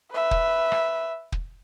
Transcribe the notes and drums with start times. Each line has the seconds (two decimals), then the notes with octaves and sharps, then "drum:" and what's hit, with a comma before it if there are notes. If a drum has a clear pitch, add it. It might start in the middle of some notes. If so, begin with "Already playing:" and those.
0.11 B4 E5
0.31 drum: kick
0.72 drum: rim click
1.32 drum: kick